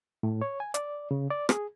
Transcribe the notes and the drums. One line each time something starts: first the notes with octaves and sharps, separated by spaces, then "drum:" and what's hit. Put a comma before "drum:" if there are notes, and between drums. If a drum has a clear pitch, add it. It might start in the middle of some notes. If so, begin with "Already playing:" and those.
A2
C#5
G#5
D5, drum: hi-hat
C#3
D5
G#4, drum: rim click